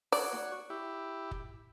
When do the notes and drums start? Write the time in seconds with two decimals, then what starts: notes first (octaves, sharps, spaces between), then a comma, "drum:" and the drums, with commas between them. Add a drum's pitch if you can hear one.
0.12 F#4 C#5 D5, drum: open hi-hat
0.33 drum: snare D#4
0.70 E4 G4
1.31 drum: kick